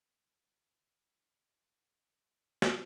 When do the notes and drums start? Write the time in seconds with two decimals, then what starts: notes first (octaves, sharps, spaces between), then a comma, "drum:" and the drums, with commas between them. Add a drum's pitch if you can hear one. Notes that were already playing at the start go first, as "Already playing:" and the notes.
0.24 G1 C#2 G2 E3 F#3
1.07 A1 B2 D4
2.62 drum: snare